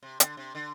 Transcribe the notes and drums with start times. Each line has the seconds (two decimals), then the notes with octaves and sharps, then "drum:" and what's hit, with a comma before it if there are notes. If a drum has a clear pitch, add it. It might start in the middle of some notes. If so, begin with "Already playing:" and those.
0.03 C3
0.20 D3, drum: hi-hat
0.37 C3
0.55 D3